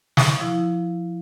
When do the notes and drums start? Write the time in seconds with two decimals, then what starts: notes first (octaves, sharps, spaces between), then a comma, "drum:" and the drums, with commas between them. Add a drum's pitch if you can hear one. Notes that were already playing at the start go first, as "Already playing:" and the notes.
0.17 D#6, drum: snare
0.40 F3 E4